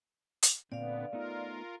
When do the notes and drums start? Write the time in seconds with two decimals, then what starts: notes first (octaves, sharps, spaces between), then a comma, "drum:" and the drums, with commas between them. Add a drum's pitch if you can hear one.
0.43 drum: hi-hat
0.72 A#2 D3 B3 C4 D5 F5
1.13 A3 B3 D#4 F4 A#4